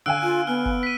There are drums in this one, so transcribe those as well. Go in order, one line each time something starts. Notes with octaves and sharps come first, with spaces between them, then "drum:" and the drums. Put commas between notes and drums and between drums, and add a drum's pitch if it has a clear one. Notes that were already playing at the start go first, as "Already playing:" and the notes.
D3 F5 G#5 E6 F#6 D7
F4
B3 F6
drum: kick F#1
B6 D#7